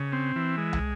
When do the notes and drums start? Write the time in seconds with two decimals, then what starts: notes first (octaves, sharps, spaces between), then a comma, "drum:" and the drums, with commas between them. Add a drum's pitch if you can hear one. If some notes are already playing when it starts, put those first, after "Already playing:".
Already playing: C#3
0.12 C4
0.36 E3
0.58 G#3
0.73 drum: tom